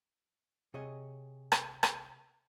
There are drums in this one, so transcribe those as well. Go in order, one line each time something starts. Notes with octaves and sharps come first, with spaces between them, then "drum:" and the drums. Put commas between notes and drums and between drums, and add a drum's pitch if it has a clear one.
C3 G#4 C#5 D#5
drum: rim click
drum: rim click